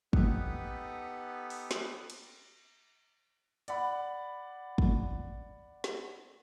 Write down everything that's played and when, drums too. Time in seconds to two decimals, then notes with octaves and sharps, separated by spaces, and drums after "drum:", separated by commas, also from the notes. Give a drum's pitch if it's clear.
0.13 B3 D#4 G4 A4 B4 F#5, drum: kick
1.50 drum: open hi-hat
1.71 drum: snare
2.10 drum: cymbal
3.68 D5 F#5 B5, drum: hi-hat
4.78 drum: kick
5.84 drum: snare